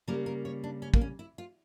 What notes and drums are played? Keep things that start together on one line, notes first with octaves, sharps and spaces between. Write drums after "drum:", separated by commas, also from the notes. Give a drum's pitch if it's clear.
C#3 G3 A#3 A#4
A#4
C#5
D4
C#4
A#3, drum: kick
C#4
E4
F4